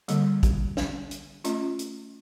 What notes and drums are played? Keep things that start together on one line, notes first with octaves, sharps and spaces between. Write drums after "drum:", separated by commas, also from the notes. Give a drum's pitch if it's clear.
D3 G3 A#3, drum: hi-hat
drum: kick, hi-hat
drum: snare
drum: hi-hat
A3 C#4 F4, drum: hi-hat
drum: hi-hat